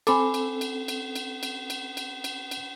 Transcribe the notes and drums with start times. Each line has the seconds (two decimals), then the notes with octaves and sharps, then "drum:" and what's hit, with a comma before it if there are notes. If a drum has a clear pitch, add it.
0.07 C4 A4 G#5 B5 D6, drum: cymbal
0.34 drum: cymbal
0.61 drum: cymbal
0.88 drum: cymbal
1.16 drum: cymbal
1.43 drum: cymbal
1.70 drum: cymbal
1.97 drum: cymbal
2.24 drum: cymbal
2.51 drum: cymbal